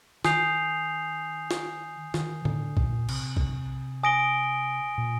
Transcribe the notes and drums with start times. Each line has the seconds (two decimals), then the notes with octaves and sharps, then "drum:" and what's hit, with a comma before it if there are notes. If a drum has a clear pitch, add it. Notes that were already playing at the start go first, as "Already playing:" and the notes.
0.24 D#3 G#5 D#6 G6 C7 F7, drum: snare
1.51 drum: snare
2.14 D#3, drum: snare
2.45 D3, drum: tom A2
2.77 A#2, drum: kick B1
3.09 C3, drum: cymbal
3.37 drum: kick B1
4.03 G#5 D#6 A#6 D7 G7
4.98 A#2